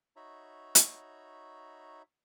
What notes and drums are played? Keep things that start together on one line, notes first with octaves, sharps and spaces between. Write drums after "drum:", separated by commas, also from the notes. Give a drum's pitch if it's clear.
D#4 F#4 C#5 E5 A#5 B5
drum: hi-hat